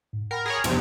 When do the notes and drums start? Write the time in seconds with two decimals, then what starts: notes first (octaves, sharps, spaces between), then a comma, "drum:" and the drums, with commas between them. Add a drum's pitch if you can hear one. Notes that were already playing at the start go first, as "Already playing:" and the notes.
0.13 G#2
0.31 A#4 F#5 G5 B5
0.46 G#4 A#4 C#5
0.64 E2 G2 C3 E3 F3 B3, drum: cymbal